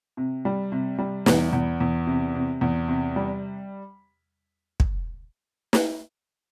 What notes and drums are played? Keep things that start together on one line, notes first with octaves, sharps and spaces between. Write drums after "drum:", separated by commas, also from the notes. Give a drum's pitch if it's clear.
C3
G3
C3
G3
E2, drum: snare
E2
E2
C3
C3
E2
C3
G3
drum: kick
drum: snare